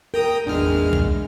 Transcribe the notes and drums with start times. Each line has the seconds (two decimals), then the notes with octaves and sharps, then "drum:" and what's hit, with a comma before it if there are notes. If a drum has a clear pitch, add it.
0.14 A#4 G5 A#5 D#6
0.46 G#1 E2 G#3 D4 F6
0.93 drum: kick